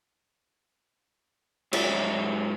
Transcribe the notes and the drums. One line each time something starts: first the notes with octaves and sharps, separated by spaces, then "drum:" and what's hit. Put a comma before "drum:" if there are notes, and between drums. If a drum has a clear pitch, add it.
G#2 F#3 D5 E5, drum: cymbal